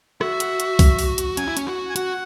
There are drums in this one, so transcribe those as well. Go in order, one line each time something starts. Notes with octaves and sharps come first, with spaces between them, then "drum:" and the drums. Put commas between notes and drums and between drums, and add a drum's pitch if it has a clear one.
F#4 E5, drum: rim click
drum: hi-hat
drum: hi-hat
drum: kick C2, open hi-hat
drum: open hi-hat
drum: hi-hat
C#4 G#5, drum: hi-hat
E4
C#4, drum: hi-hat
F#4
G#5
F#4 F#5, drum: hi-hat